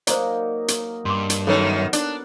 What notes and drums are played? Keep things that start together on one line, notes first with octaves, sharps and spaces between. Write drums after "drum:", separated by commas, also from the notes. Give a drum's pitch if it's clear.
F#3 A#3 D#4 C5 D5, drum: hi-hat
drum: hi-hat
G2 C6 D6
drum: hi-hat
F#2 D#3 B3 A4 A#4 C#5
D4, drum: hi-hat